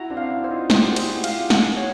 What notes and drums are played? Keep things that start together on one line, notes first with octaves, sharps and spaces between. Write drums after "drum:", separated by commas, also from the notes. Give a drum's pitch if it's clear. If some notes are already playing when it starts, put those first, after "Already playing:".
Already playing: E4 F#4 A#5
C4 D4
F5
D4 E4
C5
D#4 F4
F4 G4 C5, drum: snare
F#4 G#4
C5, drum: cymbal
E4 F#4
F5, drum: cymbal
F4 G4
F#4 G#4 F#5, drum: snare
C#5